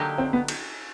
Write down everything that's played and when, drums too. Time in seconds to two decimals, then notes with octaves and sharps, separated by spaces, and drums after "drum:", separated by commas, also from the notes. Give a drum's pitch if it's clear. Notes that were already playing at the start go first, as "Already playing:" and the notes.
Already playing: D3 F#3 A#3 D#4 G4
0.18 C4
0.33 B3
0.48 drum: cymbal